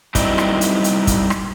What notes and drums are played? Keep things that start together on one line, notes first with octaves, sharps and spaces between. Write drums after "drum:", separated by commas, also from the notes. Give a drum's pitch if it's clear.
F#3 G3 C4 D#4 E4, drum: kick, hi-hat
drum: rim click
drum: hi-hat
drum: hi-hat
drum: kick, hi-hat
drum: rim click